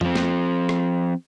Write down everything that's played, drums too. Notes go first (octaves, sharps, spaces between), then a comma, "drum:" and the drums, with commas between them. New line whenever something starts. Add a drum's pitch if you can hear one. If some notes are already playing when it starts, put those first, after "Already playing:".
F3 C4, drum: tom F2
drum: snare
drum: rim click